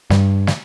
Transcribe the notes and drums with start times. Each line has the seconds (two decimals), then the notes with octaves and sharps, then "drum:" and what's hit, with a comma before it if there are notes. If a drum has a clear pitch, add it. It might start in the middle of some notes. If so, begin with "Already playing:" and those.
0.10 G2, drum: snare
0.47 drum: snare